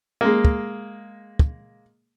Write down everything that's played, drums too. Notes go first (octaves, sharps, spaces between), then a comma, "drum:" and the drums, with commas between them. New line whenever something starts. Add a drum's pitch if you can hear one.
G#3 A#3
drum: kick
drum: kick